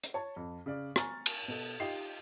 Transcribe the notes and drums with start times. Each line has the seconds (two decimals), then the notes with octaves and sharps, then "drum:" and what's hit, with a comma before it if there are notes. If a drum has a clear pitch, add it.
0.04 drum: hi-hat
0.14 C#5 A5
0.36 F2
0.66 C#3 D5
0.96 G#5 A#5 C#6 F6 A6, drum: rim click
1.26 drum: cymbal
1.48 B2 A4
1.80 D#4 F4 G4 D#5 G5 C7